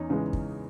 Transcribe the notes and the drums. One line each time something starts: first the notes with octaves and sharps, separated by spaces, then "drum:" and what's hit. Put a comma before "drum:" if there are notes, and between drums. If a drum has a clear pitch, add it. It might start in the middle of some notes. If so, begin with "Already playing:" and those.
Already playing: E2 C#4 D#4
C#3 E3 G#3
drum: kick